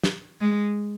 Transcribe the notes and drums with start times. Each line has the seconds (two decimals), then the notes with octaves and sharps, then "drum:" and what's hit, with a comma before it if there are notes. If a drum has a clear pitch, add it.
0.04 drum: snare
0.41 G#3